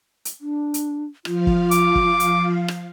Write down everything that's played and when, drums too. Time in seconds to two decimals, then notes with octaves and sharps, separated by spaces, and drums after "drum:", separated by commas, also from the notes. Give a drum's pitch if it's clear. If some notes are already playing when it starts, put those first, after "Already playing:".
0.25 drum: hi-hat
0.41 D4
0.74 drum: hi-hat
1.25 F3 F4 F5, drum: rim click
1.47 drum: kick F#1
1.71 D6, drum: hi-hat
1.95 drum: kick F#1
2.20 drum: hi-hat
2.68 drum: rim click